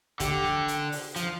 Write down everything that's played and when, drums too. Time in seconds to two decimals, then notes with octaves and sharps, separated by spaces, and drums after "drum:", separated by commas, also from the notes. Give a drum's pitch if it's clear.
0.20 D3 G4, drum: kick, hi-hat
0.44 drum: snare
0.68 drum: hi-hat
0.92 drum: open hi-hat
1.16 F3, drum: hi-hat